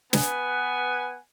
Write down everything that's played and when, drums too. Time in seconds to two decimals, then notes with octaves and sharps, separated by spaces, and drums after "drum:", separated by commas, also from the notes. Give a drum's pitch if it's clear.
0.13 B3 B4 F#5 G#5, drum: snare